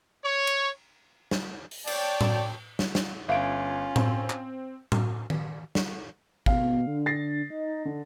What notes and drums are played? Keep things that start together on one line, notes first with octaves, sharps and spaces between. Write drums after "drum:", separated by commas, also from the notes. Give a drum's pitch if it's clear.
C#5
drum: cymbal
drum: snare
drum: open hi-hat
C#5 D5 G5 A5, drum: cymbal
drum: tom A2
drum: snare
drum: snare
G1 C#4 F4 E5 F5 D7
C4, drum: tom A2
drum: clap
drum: tom A2
drum: tom D#3
drum: snare
B2 F5, drum: kick
D3
A6 A#6 C7
D#4
D3